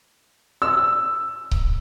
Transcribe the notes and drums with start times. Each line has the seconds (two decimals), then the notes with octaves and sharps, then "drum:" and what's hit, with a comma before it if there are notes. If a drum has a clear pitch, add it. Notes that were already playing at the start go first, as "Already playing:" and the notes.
0.62 E6
1.51 drum: kick C#1